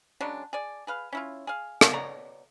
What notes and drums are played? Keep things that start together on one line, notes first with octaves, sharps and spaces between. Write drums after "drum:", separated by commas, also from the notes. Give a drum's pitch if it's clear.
C#3 F#3 G#3 D4
G#4 D5
G#4 B4 F5
C#4 E4 F4
G#4 F5
drum: rim click
B2 C#5 D5 A#5